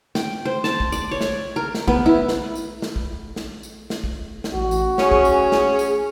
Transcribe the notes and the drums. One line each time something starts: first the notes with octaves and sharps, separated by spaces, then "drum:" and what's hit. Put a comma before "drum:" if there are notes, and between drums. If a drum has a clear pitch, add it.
G5, drum: snare
C5
A5, drum: snare
drum: kick
D5, drum: tambourine
C#5
drum: snare
A#4
drum: snare
B3, drum: kick
E4
drum: snare
drum: tambourine
drum: snare
drum: kick
drum: snare
drum: tambourine
drum: snare
drum: kick
drum: snare
A1 F#4
drum: tambourine
C#4 G#4 G#5, drum: snare
drum: kick
drum: tambourine
drum: snare
drum: tambourine